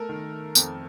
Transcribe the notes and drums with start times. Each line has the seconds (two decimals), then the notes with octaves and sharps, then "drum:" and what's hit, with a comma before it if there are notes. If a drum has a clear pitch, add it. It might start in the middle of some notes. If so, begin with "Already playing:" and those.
Already playing: A3 A4 A#4
0.09 D#3
0.55 F2, drum: tambourine